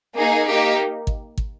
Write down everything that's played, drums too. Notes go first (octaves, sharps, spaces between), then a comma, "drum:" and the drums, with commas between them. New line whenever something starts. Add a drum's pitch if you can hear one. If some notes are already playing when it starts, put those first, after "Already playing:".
A#3 D#4 G#4
A#3 D#4 G4
drum: kick
drum: kick